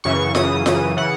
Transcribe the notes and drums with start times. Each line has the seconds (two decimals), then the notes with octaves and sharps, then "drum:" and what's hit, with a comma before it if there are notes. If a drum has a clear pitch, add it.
0.04 F#2 C#3 E3 C#6
0.35 F#2 C#3 E3 D#6, drum: snare F4
0.66 F#2 C#3 E3, drum: snare F4
0.97 C#3 E3 F#5